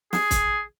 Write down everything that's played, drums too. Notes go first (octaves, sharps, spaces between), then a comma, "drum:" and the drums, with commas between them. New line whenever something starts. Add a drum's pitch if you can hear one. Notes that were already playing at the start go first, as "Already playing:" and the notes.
G#4, drum: snare
drum: kick, hi-hat